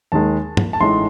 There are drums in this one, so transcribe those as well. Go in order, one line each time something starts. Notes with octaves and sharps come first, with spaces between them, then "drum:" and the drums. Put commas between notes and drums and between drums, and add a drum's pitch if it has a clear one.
D#2 D#3 G#3 A5
drum: tom
A5
A1 A2 G#3 D#4 C6